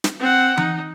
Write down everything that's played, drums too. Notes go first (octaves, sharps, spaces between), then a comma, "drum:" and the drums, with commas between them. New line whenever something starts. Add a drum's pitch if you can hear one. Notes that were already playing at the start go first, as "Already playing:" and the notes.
drum: snare
C4 F#5
D#4, drum: tom E3